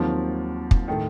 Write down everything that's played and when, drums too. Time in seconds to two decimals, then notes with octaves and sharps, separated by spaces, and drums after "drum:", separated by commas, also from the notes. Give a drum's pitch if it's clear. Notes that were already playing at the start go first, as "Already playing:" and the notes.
Already playing: D#2 D#3 F3 F#3 C4
0.71 drum: kick
0.88 A2 D#3 A3